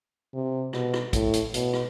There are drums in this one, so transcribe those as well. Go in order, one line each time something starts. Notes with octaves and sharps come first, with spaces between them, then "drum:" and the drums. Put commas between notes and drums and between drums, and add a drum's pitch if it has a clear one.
C3
B2, drum: rim click
drum: rim click
A2, drum: kick, hi-hat
drum: hi-hat
B2, drum: hi-hat
drum: rim click